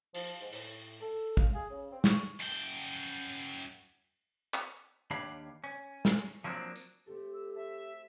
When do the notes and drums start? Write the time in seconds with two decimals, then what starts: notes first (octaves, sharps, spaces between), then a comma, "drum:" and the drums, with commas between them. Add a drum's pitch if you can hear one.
0.14 F3, drum: open hi-hat
0.41 G#2
0.52 A2, drum: open hi-hat
1.01 A4
1.37 F5, drum: kick
1.55 G#4
1.71 C#3
1.91 C4
2.04 C#6, drum: snare
2.40 F#2 G5, drum: open hi-hat
4.54 drum: clap
5.11 D#2 D4 G4 C#5 F5 B5
5.64 C#4
6.05 drum: snare
6.44 F3 F#3 A#3 C4 D4
6.76 drum: tambourine
7.07 A3 C4 G4 A4
7.34 E6
7.55 C5 E5 A5